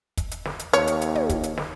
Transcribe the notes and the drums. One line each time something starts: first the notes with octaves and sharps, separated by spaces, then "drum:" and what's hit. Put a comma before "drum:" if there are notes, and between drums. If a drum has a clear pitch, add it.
drum: kick, hi-hat
drum: hi-hat
drum: snare
drum: hi-hat
D#2 C#5, drum: hi-hat
drum: hi-hat
drum: hi-hat
drum: tom
drum: kick, hi-hat
drum: hi-hat
drum: snare